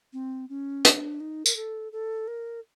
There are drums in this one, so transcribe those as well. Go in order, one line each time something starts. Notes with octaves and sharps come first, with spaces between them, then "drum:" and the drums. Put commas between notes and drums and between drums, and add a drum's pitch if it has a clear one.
C4
C#4
D4, drum: hi-hat
D#4
A#4, drum: tambourine
A4
A4
A#4